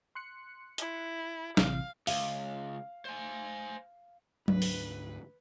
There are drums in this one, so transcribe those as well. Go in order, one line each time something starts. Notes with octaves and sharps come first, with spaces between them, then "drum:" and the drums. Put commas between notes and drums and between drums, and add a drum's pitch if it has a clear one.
C6 F#6 C#7
E4, drum: hi-hat
A1 C3 E3 F5, drum: snare
C#2 F5, drum: open hi-hat
C5 G#5
D2 G#2 D4 B4, drum: tom F#3
drum: open hi-hat